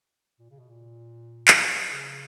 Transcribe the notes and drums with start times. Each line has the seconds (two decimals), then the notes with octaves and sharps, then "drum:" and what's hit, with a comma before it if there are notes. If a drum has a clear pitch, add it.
0.39 A#2
0.51 C#3
0.60 B2
0.70 A#2
1.48 drum: clap
1.91 C#3